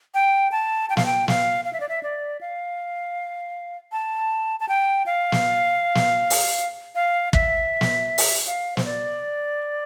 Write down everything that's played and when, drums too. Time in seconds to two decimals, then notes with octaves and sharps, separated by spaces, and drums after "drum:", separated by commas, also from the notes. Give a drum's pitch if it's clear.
0.14 G5
0.52 A5
0.90 G5
0.97 F5, drum: snare
1.06 G5
1.28 F5, drum: snare
1.65 F5
1.73 E5
1.80 D5
1.89 E5
2.03 D5
2.41 F5
3.92 A5
4.60 A5
4.69 G5
5.06 F5
5.32 drum: snare
5.95 drum: snare
6.30 drum: open hi-hat
6.95 F5
7.33 E5, drum: kick
7.81 drum: snare
8.18 drum: open hi-hat
8.47 F5
8.77 C5, drum: snare
8.85 D5